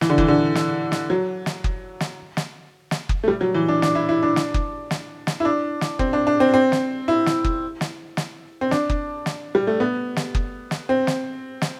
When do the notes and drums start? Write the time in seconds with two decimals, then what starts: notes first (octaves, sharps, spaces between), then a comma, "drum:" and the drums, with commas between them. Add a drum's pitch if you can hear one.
0.01 E3, drum: snare
0.10 D3
0.18 E3, drum: kick F#1
0.28 D3
0.55 drum: snare
0.92 drum: snare
1.10 F#3
1.46 drum: snare
1.64 drum: kick F#1
2.00 drum: snare
2.37 drum: snare
2.91 drum: snare
3.09 drum: kick F#1
3.23 A3
3.28 G3
3.41 F#3
3.54 E3
3.68 D4
3.82 D4, drum: snare
3.95 E4
4.09 E4
4.23 D4
4.36 drum: snare
4.54 drum: kick F#1
4.91 drum: snare
5.27 drum: snare
5.40 E4
5.45 D4
5.81 drum: snare
5.99 C4, drum: kick F#1
6.13 D4
6.27 D4
6.40 C4
6.54 C4
6.72 drum: snare
7.08 E4
7.26 drum: snare
7.44 drum: kick F#1
7.81 drum: snare
8.17 drum: snare
8.61 C4
8.71 D4, drum: snare
8.90 drum: kick F#1
9.26 drum: snare
9.55 G3
9.67 A3
9.80 B3
10.16 drum: snare
10.35 drum: kick F#1
10.71 drum: snare
10.89 C4
11.07 drum: snare
11.62 drum: snare